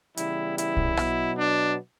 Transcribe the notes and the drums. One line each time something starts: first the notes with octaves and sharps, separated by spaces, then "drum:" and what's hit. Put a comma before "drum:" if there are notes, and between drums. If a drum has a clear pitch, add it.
C#3 E3 G3 B3 E4, drum: hi-hat
E4, drum: hi-hat
drum: kick
B2 F#3 B3, drum: rim click
D4